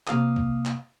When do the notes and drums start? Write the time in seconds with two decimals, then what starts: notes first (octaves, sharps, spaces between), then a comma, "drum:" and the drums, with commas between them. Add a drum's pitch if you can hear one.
0.07 C3 A#3 F5 D#6, drum: clap
0.36 drum: kick
0.66 drum: clap